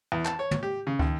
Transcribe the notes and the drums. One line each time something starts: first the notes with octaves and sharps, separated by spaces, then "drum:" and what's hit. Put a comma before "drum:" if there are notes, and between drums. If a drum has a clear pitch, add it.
E2
A5, drum: clap
C#5
drum: tom
G4
C#3
D#2, drum: kick